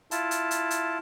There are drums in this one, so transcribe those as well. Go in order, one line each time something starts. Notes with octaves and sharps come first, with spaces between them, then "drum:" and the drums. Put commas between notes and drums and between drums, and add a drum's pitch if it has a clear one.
E4 F4 A5, drum: hi-hat
drum: hi-hat
drum: hi-hat
drum: hi-hat